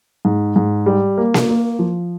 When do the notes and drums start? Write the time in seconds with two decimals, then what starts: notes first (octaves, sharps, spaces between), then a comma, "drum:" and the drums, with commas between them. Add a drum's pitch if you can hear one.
0.25 G#2
0.56 G#2
0.86 G3
1.17 A#3
1.34 drum: snare A#3
1.48 A#3
1.79 F3